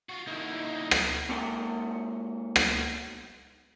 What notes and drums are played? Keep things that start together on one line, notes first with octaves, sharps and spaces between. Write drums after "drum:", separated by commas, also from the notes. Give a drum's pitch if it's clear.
F4 F#4
D3 A#3 D#4 E4
drum: rim click
G#2 A#3 F#5 G5
drum: rim click